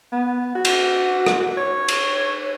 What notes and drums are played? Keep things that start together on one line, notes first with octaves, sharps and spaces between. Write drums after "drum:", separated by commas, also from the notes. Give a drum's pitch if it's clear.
B3
F#4
drum: cymbal
drum: rim click
C#5
drum: cymbal